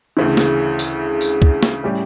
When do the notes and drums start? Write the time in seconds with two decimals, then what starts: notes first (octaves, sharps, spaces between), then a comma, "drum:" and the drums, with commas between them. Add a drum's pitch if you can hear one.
0.17 D2 C#3 E3
0.37 drum: snare
0.79 drum: tambourine
1.21 drum: tambourine
1.42 drum: kick
1.63 drum: snare
1.84 A2 G3 C#4 G4